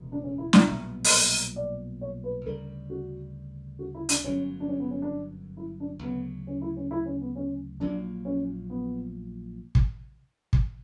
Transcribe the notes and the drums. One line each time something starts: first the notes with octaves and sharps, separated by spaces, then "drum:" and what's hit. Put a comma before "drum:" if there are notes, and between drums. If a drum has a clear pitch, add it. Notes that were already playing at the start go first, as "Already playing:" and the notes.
Already playing: E1 D2 C#3
D4
C#4
E4
D5, drum: snare
B1 A#2 G3 B3 E5
drum: open hi-hat
D5
C#5
B4
D2 C#3 G3 A#4
F#4
F#4
E4
D4, drum: hi-hat
G1 F#2 C#3 F#3 C#4
D4
C#4
B3
C#4
D4
E4
D4
D2 C#3 F#3 B3
C#4
E4
C#4
E4
C#4
B3
C#4
A#1 A#2 F#3 A#3 D4
C#4
B3
drum: kick
drum: kick